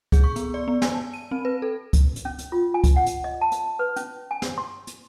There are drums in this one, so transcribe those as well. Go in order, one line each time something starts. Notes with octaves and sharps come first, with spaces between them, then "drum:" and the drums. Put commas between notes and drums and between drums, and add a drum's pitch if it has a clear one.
G#4, drum: kick C#2, hi-hat
C#6
B3, drum: hi-hat
D5
B3
G#5, drum: snare
A5
D#7
C4
B4
A4
drum: kick C#2, hi-hat
drum: hi-hat
C#4
drum: hi-hat
F4
G#5
drum: kick C#2, hi-hat
F#5
drum: hi-hat
D#5
A5
drum: hi-hat
B4
C#4, drum: hi-hat
G#5
drum: snare
C6
drum: hi-hat